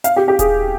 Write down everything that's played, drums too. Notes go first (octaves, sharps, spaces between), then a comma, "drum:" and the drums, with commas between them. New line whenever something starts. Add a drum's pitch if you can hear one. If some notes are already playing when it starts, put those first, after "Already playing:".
F5, drum: hi-hat
G4
G4
G#4, drum: kick D#1, hi-hat